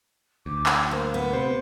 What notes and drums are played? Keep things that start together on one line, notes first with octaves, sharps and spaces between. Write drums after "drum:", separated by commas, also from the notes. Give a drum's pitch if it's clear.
D2 D6
drum: clap
A#3 C5
B3 B4
C3 C5